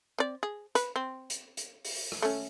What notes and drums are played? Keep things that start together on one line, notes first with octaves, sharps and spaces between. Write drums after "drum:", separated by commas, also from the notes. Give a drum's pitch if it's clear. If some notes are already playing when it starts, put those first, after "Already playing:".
C4 D5
G#4
B4, drum: hi-hat
C4
drum: hi-hat
drum: hi-hat
drum: open hi-hat
drum: rim click
A3 C#4